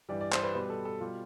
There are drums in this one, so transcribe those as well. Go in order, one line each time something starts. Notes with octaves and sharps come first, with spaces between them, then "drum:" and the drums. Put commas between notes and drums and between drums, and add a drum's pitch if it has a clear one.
G2 E3 G3 D5
D5
C5, drum: clap
B4
B2 G3 B4
A4
A4
B2 G3 F4